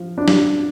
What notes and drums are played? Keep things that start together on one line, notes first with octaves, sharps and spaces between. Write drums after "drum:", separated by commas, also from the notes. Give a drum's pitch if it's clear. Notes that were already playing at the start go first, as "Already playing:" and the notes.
Already playing: F3
D4
drum: snare